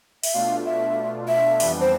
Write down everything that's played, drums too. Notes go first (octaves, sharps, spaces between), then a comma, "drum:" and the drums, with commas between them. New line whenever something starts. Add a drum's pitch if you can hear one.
E5, drum: open hi-hat
B2 A3 D4 F4 F5
E5
E5
F2 E3 G3 B3 D4, drum: open hi-hat
C5